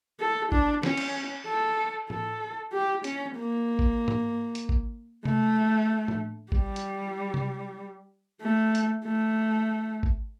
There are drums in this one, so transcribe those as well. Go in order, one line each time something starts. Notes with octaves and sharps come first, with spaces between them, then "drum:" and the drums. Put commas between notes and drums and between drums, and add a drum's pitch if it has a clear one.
A4
D4, drum: kick G#1
C#4, drum: snare
drum: cymbal
A4
A4, drum: tom A2
G4
C#4, drum: hi-hat
A#3
drum: kick G#1
drum: tom G#2
drum: hi-hat
drum: kick G#1
A3, drum: tom C3
drum: tom A2
G3, drum: kick G#1
drum: hi-hat
drum: tom C3
A3
drum: hi-hat
A3
drum: kick G#1